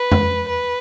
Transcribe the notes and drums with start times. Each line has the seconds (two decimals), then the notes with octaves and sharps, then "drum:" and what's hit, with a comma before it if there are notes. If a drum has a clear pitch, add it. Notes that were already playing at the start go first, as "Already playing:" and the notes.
Already playing: B4
0.11 drum: tom
0.49 B4